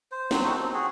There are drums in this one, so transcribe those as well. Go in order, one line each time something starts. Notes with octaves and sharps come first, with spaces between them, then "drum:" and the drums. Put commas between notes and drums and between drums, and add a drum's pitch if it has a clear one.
C5
F#3 C4, drum: snare
D#4 F#4 A4 C5
C4
F#4 G#4